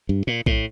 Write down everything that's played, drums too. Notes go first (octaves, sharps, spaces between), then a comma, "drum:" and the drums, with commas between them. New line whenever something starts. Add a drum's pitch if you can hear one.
G2
A#2
A2, drum: kick A#1